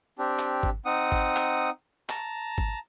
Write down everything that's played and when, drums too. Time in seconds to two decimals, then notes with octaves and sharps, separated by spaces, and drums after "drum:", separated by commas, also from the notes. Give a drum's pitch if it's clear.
0.19 C4 D4 G4
0.39 drum: clap
0.63 drum: kick G#1
0.85 C4 D#4 F#5 D#6
1.12 drum: kick G#1
1.36 drum: clap
2.09 A5 A#5, drum: clap
2.58 drum: kick G#1